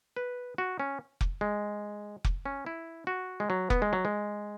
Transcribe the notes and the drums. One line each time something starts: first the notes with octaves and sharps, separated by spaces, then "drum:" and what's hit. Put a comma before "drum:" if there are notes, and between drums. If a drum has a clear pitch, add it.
B4
F#4
C#4
drum: kick F1
G#3
drum: kick F1
C#4
E4
F#4
G#3
F#3
B3, drum: kick F1
G#3
F#3
G#3